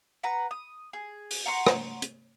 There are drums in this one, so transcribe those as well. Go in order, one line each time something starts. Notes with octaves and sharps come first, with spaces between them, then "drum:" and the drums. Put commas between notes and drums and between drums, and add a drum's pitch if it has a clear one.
B4 F#5 A#5
D#6
G#4
drum: open hi-hat
F#5 A#5 C6 C#6
drum: rim click
drum: hi-hat